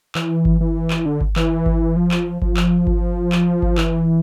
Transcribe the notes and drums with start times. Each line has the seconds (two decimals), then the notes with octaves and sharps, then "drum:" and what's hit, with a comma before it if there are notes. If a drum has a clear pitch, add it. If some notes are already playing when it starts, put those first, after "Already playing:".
0.15 E3, drum: clap
0.45 drum: kick G1
0.61 E3
0.91 drum: clap
1.06 D3
1.21 drum: kick G1
1.36 E3, drum: clap
1.66 drum: kick G1
1.96 F3
2.11 drum: clap
2.42 F3, drum: kick G1
2.57 drum: clap
2.87 drum: kick G1
3.32 drum: clap
3.62 drum: kick G1
3.78 E3, drum: clap